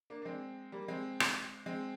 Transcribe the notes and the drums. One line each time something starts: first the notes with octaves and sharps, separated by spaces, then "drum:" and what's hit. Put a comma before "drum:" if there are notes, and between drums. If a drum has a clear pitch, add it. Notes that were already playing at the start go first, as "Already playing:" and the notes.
A#3 D4
D4
G#3 C4
G3 A#3
G#3 C4
drum: rim click
G#3 C4